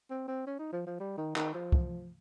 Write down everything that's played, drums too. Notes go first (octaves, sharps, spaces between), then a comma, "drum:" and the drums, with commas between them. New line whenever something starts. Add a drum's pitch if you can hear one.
C4
C4
C#4
D#4
F3
F3
G3
D#3
D#3, drum: clap
F3
drum: kick